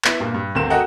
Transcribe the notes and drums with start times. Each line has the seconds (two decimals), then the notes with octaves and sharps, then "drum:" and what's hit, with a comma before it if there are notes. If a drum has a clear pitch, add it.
0.05 B3 E4, drum: clap
0.20 G2 A#2
0.34 G2
0.55 G1 D2 C4 A#4 E7
0.70 F#4 A4 A#4 D#5 F#5 G5